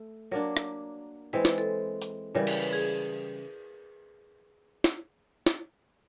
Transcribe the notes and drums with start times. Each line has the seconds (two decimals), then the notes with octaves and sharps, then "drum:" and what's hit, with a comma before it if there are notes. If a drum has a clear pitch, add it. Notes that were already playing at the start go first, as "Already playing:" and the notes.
Already playing: A3
0.31 F#3 A#3 D4 A#4
0.57 drum: rim click
1.33 E3 G#3 C4 B4
1.45 drum: snare
1.58 A4, drum: tambourine
2.02 drum: hi-hat
2.35 C#3 E3 G3 A#4
2.47 B4, drum: cymbal
2.60 B4
2.73 G#4
4.84 drum: snare
5.46 drum: snare